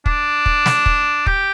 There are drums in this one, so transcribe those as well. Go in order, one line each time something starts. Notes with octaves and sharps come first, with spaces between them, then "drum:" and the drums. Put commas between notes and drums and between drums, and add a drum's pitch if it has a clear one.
D4, drum: kick
drum: kick
drum: snare
drum: kick
G4, drum: kick